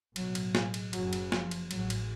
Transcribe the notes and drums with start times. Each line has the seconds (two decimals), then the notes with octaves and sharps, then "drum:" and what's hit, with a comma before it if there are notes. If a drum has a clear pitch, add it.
0.16 B1 A2 F#3, drum: cymbal
0.35 drum: cymbal
0.55 G#3, drum: snare
0.74 drum: cymbal
0.93 F#1 F#2 C#3 F#3, drum: cymbal
1.13 drum: cymbal
1.32 F3, drum: snare
1.51 drum: cymbal
1.71 A1 G#2 F#3, drum: cymbal
1.90 drum: cymbal